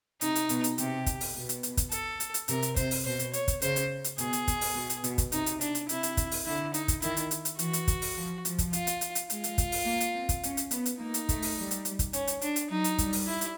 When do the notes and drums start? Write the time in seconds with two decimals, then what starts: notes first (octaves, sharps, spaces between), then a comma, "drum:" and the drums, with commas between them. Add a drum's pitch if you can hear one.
0.21 C3 D#4, drum: hi-hat
0.35 drum: hi-hat
0.49 B2, drum: hi-hat
0.64 drum: hi-hat
0.78 C3 G4, drum: hi-hat
1.06 drum: kick, hi-hat
1.21 drum: open hi-hat
1.35 B2
1.49 drum: hi-hat
1.63 drum: hi-hat
1.77 drum: kick, hi-hat
1.91 A4, drum: hi-hat
2.20 drum: hi-hat
2.34 drum: hi-hat
2.48 C3 A#4, drum: hi-hat
2.62 drum: hi-hat
2.76 C3 C5, drum: kick, hi-hat
2.91 drum: open hi-hat
3.05 B2 C5
3.19 drum: hi-hat
3.33 C#5, drum: hi-hat
3.48 drum: kick, hi-hat
3.62 C#3 C5, drum: hi-hat
3.76 drum: hi-hat
4.04 drum: hi-hat
4.18 B2 G#4, drum: hi-hat
4.33 drum: hi-hat
4.48 B2, drum: kick, hi-hat
4.61 drum: open hi-hat
4.75 B2
4.90 drum: hi-hat
5.04 B2, drum: hi-hat
5.18 drum: kick, hi-hat
5.32 C3 D#4, drum: hi-hat
5.46 drum: hi-hat
5.61 D4, drum: hi-hat
5.75 drum: hi-hat
5.89 C3 E4, drum: hi-hat
6.03 drum: hi-hat
6.17 drum: kick, hi-hat
6.31 drum: open hi-hat
6.46 D3 E4
6.74 D#4, drum: hi-hat
6.88 drum: kick, hi-hat
7.02 D#3 E4, drum: hi-hat
7.17 drum: hi-hat
7.31 drum: hi-hat
7.45 drum: hi-hat
7.59 E3 F#4, drum: hi-hat
7.73 drum: hi-hat
7.88 drum: kick, hi-hat
8.02 drum: open hi-hat
8.16 F3
8.45 F3, drum: hi-hat
8.58 drum: kick, hi-hat
8.73 F4, drum: hi-hat
8.87 drum: hi-hat
9.01 drum: hi-hat
9.15 drum: hi-hat
9.30 G#3 F4, drum: hi-hat
9.44 drum: hi-hat
9.58 drum: kick, hi-hat
9.72 drum: open hi-hat
9.86 A#3
10.00 drum: hi-hat
10.14 C4
10.29 drum: kick, hi-hat
10.43 C#4, drum: hi-hat
10.57 drum: hi-hat
10.71 B3, drum: hi-hat
10.86 drum: hi-hat
10.99 A#3 D#4
11.14 drum: hi-hat
11.29 A3, drum: kick, hi-hat
11.42 drum: open hi-hat
11.56 G3
11.71 drum: hi-hat
11.85 drum: hi-hat
11.99 drum: kick, hi-hat
12.13 C#4, drum: hi-hat
12.27 drum: hi-hat
12.41 D4, drum: hi-hat
12.56 drum: hi-hat
12.70 F#3 D#4
12.84 drum: hi-hat
12.98 G3, drum: kick, hi-hat
13.13 drum: open hi-hat
13.27 E4
13.41 drum: hi-hat